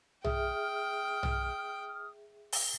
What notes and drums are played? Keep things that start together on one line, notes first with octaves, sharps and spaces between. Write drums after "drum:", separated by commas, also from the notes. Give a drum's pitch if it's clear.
G#4 E5 G5 D#6 F6, drum: tom B1
drum: tom B1
drum: open hi-hat